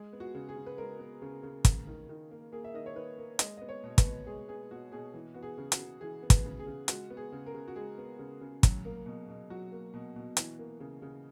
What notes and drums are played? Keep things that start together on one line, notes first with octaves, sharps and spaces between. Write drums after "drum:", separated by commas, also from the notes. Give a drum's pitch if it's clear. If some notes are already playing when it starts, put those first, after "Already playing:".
Already playing: G#3 G#4
B3
F#4
C#3
G#4
C#3
B4
G#3 A#4
B3
C#3
C#3
A#3, drum: kick, hi-hat
D#3
D#3
A#3
A#3 G#4
E5
D#3 D#5
C#5
D#3 B4
A#3
G#3 D#5, drum: hi-hat
B3 D#5
C#5
B2
B4, drum: kick, hi-hat
B2
G#3 G#4
B3 G#4
B2 F#4
B2 G#4
E3
B3 F#4
G#4
C#3
F#4, drum: hi-hat
C#3
E3 G#4
B3
B4, drum: kick, hi-hat
C#3
G#4
C#3
G#3 F#4, drum: hi-hat
B3
G#4
C#3
A#4
C#3
F#4
G#3 G#4
B3
C#3
C#3
F#3, drum: kick, hi-hat
A#3
B2
B2
F#3 F#4
A#3
B2
B2
E3, drum: hi-hat
A#3
C#3
C#3